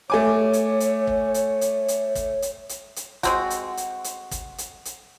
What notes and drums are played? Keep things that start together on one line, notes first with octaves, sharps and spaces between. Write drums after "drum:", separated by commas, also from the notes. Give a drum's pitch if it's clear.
A3 C#5 G#5 D6
drum: hi-hat
drum: hi-hat
drum: kick
drum: hi-hat
drum: hi-hat
drum: hi-hat
drum: kick, hi-hat
drum: hi-hat
drum: hi-hat
drum: hi-hat
G#3 C4 F#4, drum: kick, hi-hat
drum: hi-hat
drum: hi-hat
drum: hi-hat
drum: kick, hi-hat
drum: hi-hat
drum: hi-hat